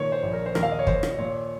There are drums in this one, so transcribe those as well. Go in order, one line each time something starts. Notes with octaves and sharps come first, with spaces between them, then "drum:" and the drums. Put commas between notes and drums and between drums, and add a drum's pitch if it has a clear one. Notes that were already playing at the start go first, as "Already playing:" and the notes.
Already playing: A#2 D#3 C#5
C5
A#1
A#4
C5
D#2 A#4, drum: rim click
F5
D#5
C#5
D#2 C5, drum: kick
drum: rim click
A#2 C#5